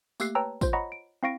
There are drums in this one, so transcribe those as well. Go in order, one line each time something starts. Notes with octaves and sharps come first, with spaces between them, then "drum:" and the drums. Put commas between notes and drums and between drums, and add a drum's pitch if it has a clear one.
A3 A#3 G4 E6 F#6 C7, drum: tambourine
B4 C#5 G5 A5 A#5 E6
F4 C5, drum: kick, tambourine
C#5 D#5 F#5 A#5 B5 C#6
D7
C4 E4 F5 C#6 A#6 D7